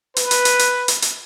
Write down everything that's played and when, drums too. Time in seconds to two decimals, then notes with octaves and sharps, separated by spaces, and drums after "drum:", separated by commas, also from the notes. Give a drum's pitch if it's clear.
0.17 B4, drum: hi-hat
0.31 drum: hi-hat
0.45 drum: hi-hat
0.59 drum: hi-hat
0.88 drum: hi-hat
1.02 drum: hi-hat